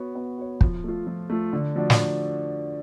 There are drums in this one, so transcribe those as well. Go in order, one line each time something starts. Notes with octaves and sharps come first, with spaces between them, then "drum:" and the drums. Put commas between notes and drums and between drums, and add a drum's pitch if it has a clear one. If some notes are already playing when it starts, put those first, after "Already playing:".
Already playing: B3 F#4 C#5
B3
F#4 C#5
F3, drum: kick
A3 F4
F3
A3 F4
D3
F3 A3 D4 F#4
drum: snare